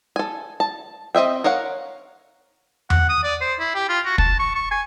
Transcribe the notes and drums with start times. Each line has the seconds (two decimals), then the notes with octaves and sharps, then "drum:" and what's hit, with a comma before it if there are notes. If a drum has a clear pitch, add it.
0.16 A4 G#5
0.60 A5
1.15 C4 D#5 E5 G5
1.44 A#4 C#5 F5 F#5
2.90 F#5, drum: tom E2
3.09 D#6
3.24 D5
3.41 C5
3.59 E4
3.75 G4
3.89 F4
4.05 F#4
4.18 A5, drum: kick
4.39 C#6
4.55 C#6
4.71 G#5